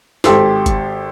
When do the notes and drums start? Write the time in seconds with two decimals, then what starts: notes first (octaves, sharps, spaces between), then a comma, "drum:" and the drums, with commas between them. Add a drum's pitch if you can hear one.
0.24 G#1 G4 A4 C6, drum: snare
0.66 drum: kick F#1, hi-hat